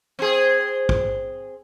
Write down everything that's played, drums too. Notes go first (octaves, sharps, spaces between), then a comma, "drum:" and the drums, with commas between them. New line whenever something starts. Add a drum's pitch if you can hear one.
C4 G#4
drum: kick